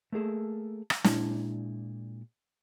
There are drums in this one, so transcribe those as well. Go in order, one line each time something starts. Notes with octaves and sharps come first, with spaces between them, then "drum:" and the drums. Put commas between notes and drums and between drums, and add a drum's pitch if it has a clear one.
A3 A#3 G#4 A4
drum: rim click
A#2 G#3 D4 E4 A5, drum: snare